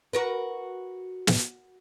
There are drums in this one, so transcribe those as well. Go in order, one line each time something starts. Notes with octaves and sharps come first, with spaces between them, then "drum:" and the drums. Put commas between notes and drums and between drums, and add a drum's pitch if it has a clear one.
F#4 A#4 B4
drum: snare